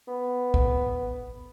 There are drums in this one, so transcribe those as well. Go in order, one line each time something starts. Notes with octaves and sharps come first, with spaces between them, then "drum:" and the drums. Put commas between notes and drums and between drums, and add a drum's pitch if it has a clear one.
B3
drum: kick